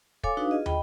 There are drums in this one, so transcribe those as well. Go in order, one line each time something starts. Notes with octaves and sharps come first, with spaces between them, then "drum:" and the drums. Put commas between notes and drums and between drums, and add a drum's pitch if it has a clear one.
A4 C#5 F5 G#5 D6, drum: kick
D4 D#4 F#4 B4 F5 D#6
F4 G#4 D#5
D#5 G5 B5, drum: tom